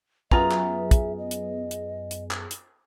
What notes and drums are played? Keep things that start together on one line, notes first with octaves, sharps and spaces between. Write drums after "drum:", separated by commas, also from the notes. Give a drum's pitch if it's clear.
F#2 B3 F4 G#4 E5 A#5, drum: kick
drum: clap
drum: kick, hi-hat
D#5
drum: hi-hat
drum: hi-hat
drum: hi-hat
drum: clap
drum: hi-hat